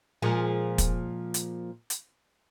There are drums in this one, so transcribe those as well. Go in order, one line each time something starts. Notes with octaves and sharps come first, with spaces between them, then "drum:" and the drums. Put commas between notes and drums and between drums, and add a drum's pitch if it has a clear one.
A#2 F3 G#3
drum: kick, hi-hat
drum: hi-hat
drum: hi-hat